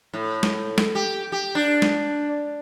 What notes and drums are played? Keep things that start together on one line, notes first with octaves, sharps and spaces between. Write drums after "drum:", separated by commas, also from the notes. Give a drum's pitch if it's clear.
A2
drum: snare
drum: snare
G4
G4
D4
drum: snare